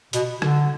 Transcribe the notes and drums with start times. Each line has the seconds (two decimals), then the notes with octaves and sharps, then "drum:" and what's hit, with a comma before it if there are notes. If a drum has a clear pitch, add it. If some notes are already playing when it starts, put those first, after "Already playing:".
0.13 B2, drum: hi-hat
0.42 D3, drum: rim click